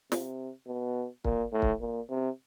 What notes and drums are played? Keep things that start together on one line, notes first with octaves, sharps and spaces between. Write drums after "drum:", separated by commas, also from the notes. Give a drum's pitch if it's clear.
C3, drum: snare
B2
A#2, drum: kick
A2
drum: kick
A#2
C3